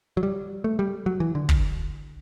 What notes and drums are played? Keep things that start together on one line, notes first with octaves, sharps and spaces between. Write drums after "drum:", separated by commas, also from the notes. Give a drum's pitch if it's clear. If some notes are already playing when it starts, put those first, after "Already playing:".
F#3
G3
A3
G3
F#3
E3
D3
drum: kick